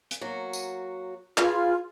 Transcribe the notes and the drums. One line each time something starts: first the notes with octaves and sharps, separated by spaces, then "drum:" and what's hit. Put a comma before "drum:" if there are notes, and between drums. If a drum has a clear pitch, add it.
drum: hi-hat
F#3 A#3 F#4
drum: tambourine
F4 G#4 B4 G#5, drum: clap